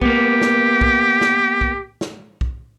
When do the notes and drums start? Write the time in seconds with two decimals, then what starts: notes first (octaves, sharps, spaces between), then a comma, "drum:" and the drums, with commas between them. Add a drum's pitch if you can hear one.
0.01 A#3 B3 G4, drum: kick
0.41 drum: snare
0.81 drum: kick
1.21 drum: snare
1.61 drum: kick
2.01 drum: snare
2.41 drum: kick